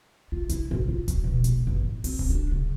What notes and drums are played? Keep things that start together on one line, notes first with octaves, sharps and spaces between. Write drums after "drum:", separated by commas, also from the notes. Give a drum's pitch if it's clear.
F4
E4, drum: hi-hat
G#1
F4
F#3, drum: kick D1, hi-hat
B2
A#1, drum: hi-hat
G1
A1
C4, drum: open hi-hat
drum: kick D1
D4
C#3